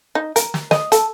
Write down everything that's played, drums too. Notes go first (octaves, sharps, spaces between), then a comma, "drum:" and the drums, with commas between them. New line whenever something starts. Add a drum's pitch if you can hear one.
D#4
A#4, drum: hi-hat
drum: snare
D#5, drum: snare
A4, drum: hi-hat